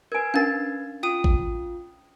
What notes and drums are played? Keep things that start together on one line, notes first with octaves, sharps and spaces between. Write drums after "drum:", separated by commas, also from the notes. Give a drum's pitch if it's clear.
A#4 B4 G#5 G#6
C#4 D4 A#4 F5 A6
F4 G5 D#6 D#7
drum: kick A1